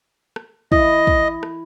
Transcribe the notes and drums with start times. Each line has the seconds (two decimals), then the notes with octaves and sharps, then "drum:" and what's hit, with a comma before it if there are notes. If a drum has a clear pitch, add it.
0.36 drum: rim click
0.72 E4 D#5, drum: kick
1.07 drum: kick
1.43 drum: rim click